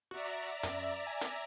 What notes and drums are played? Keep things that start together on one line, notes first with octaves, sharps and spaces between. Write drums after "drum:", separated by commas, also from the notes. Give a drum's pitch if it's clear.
F#4 D5 E5 A#5
F#2, drum: hi-hat
G#5
drum: hi-hat